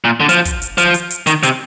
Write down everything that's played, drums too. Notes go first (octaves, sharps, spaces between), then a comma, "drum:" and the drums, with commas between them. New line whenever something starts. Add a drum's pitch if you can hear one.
A#2
D3
F3, drum: hi-hat
drum: kick, hi-hat
drum: hi-hat
F3, drum: hi-hat
drum: hi-hat
drum: hi-hat
D#3, drum: hi-hat
C3, drum: hi-hat